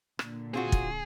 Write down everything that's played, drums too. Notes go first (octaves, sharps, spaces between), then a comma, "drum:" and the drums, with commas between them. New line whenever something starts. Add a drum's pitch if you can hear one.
A#2 D3, drum: rim click
C4 F4 F#4 G#4
drum: kick